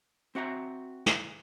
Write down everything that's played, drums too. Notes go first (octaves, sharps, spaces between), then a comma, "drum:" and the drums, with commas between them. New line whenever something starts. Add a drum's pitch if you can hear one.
C4 F#4 E5 A#5
drum: snare